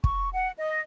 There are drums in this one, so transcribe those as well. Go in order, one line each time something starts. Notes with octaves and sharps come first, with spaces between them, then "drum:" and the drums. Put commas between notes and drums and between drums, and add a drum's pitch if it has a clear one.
C#6, drum: kick
F#5
D#5